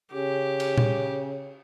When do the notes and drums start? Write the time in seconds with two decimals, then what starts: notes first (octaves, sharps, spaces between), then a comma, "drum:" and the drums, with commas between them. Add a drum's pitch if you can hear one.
0.13 C#3 G4
0.60 drum: cymbal
0.78 drum: tom A#2